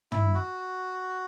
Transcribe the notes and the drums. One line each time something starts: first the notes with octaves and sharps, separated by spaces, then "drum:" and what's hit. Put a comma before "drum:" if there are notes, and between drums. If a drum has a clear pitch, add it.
E4, drum: tom
F#4